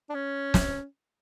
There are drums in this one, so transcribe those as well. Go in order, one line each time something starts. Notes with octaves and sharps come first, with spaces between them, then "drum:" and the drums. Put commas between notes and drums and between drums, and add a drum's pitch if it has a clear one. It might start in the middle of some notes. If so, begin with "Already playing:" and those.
D4
C#4
drum: snare